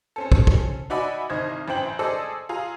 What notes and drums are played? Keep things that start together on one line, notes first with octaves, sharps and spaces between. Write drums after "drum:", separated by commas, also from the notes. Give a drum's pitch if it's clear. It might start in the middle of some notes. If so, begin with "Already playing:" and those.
C4 C#4 A4
drum: kick
drum: kick
D#4 F#4 D5 E5 G#5 B5
C2 D#3 C5 D#5 G#6
A1 F#2 C5 G5 F#7
G#4 A4 C5 D5 D#5 E6
F4 G#4 A#5